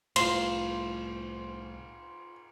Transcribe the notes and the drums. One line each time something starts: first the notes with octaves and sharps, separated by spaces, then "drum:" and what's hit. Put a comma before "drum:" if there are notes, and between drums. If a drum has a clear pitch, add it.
C2 A2 F4 C5 C6, drum: cymbal